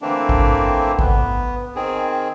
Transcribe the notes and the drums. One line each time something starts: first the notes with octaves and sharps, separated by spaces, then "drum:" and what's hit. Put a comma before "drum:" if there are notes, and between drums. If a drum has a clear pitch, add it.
D3 E3 A3 A#3 C4 D4
drum: kick G#1
B3, drum: kick G#1
D#3 C4 G#4